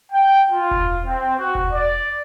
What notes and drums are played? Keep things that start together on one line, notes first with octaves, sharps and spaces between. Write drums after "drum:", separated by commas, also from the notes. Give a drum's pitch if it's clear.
G5
F4
drum: kick E1
C4
F#4
drum: kick E1
D5